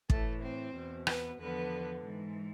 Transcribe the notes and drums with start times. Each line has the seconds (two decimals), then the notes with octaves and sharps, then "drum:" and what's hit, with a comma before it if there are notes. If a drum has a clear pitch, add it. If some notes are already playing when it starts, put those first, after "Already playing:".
0.10 A2 E3 A3 A4, drum: kick
0.42 C4 C5
0.75 E2 B2
1.07 B3 B4, drum: rim click
1.39 E2 D3 F3 B3 B4
2.05 G#2 E3